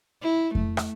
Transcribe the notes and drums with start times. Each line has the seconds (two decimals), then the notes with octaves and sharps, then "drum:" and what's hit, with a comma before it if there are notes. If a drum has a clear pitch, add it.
0.22 E4
0.55 A3, drum: kick F2
0.77 drum: rim click